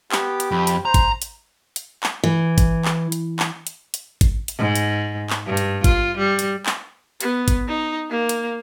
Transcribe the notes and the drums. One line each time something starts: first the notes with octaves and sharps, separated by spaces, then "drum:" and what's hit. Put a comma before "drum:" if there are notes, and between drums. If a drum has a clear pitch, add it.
B3 G4, drum: clap
drum: hi-hat
F2 B5
drum: hi-hat
C5 A#5
drum: kick G#1, hi-hat
drum: hi-hat
drum: hi-hat
drum: clap
E3
drum: kick G#1, hi-hat
drum: clap
drum: hi-hat
drum: clap
drum: hi-hat
drum: hi-hat
drum: kick G#1, hi-hat
drum: hi-hat
G#2
drum: hi-hat
drum: clap
G2
drum: hi-hat
F4, drum: kick G#1, hi-hat
G3
drum: hi-hat
drum: clap
B3, drum: hi-hat
drum: kick G#1, hi-hat
D#4
A#3
drum: hi-hat